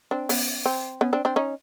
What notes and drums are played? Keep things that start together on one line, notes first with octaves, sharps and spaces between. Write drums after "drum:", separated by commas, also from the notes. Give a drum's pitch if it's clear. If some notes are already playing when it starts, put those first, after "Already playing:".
C4 D4
B3 C#4, drum: open hi-hat
C4
B3 C#4
C4 D4
C4 D4
C#4 D#4